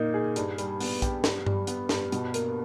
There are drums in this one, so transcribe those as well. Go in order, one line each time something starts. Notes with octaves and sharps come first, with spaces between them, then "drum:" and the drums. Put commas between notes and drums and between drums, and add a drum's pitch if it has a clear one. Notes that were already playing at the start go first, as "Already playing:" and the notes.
Already playing: A#2 A#3 D#4
G#4
G2, drum: hi-hat
G3, drum: hi-hat
B3, drum: open hi-hat
G4, drum: kick A#1, hi-hat
G2, drum: snare
G3, drum: tom G2
B3, drum: hi-hat
G2, drum: snare
B2, drum: hi-hat
A#3, drum: hi-hat